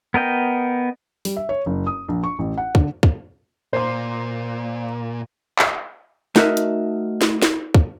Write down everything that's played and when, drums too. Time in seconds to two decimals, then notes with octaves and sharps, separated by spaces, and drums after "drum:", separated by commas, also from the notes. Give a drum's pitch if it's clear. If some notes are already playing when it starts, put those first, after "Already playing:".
0.14 B3 A#4 D#5 G5
1.25 G3, drum: open hi-hat
1.36 E5
1.49 C#5
1.66 F#1
1.87 D#6
2.08 A#1
2.24 C#6
2.39 A1
2.58 F#5
2.75 D3, drum: kick
3.03 drum: kick
3.73 A#2 C5 C6
5.59 drum: clap
6.36 A3 D#4 F#4 A#4 D#5 E5, drum: snare
6.57 drum: hi-hat
7.21 drum: snare
7.42 drum: snare
7.74 drum: kick